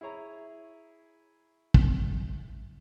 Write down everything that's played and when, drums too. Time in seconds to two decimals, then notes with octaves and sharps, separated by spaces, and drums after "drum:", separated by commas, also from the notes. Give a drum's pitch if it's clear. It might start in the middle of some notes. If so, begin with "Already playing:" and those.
0.01 E4 G#4 C#5 A#5
1.74 drum: kick